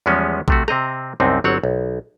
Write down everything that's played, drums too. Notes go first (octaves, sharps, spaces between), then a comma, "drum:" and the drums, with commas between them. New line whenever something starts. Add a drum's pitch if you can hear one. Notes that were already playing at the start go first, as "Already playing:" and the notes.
E2 F3 G3 G#3 B3 C#4
C3 A3 F#4, drum: kick A#1
C3 C4 D#5 A#5, drum: rim click
C2 F#2 C3 C4 D#4
G1 F#3 C4 C#5 F#5
B1